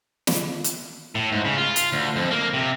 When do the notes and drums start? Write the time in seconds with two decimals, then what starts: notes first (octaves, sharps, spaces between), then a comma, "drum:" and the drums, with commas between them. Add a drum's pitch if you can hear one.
0.27 drum: snare
0.64 drum: hi-hat
1.15 A2
1.32 G#2
1.45 C#3
1.57 F4
1.76 drum: hi-hat
1.92 D2
2.16 F2
2.31 A#3
2.54 C3